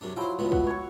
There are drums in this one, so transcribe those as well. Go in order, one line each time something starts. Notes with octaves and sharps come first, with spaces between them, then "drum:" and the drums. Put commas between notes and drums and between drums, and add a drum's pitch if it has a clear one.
F#2 C3 D4
F3 F#3 E4 C5 G5
C#2 A2 B3
F#4, drum: kick
C#5 C#6